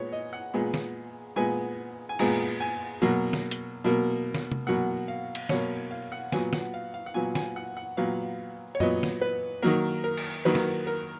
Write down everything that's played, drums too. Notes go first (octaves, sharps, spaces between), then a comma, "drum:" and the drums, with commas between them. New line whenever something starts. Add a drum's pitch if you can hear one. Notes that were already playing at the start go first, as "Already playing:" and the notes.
Already playing: A#2 G#3 B3 C#5
D#5
F#5
A#2 G#3 B3
drum: snare
A#2 G#3 B3 G#5
G#5
A#2 G#3 B3 A#5, drum: cymbal
G#5
B2 F#3 A#3
drum: snare
drum: hi-hat
B2 F#3 A#3
drum: snare
drum: tom C3
B2 F#3 A#3 F#5
F5
drum: cymbal
B2 F#3 A#3 C#5, drum: snare
F5
F#5
A#2 F#3 B3 G#5, drum: snare
F#5, drum: snare
F5
F5
F#5
A#2 F#3 B3 G#5
G#5, drum: snare
F#5
F#5
A#2 F#3 B3 F5
C#5
A#2 F#3 B3 D#5, drum: tom F#2
drum: snare
B4
D#3 F#3 A#3 A#4
A#4
drum: cymbal
D#3 F#3 A#3 B4
drum: snare
A#4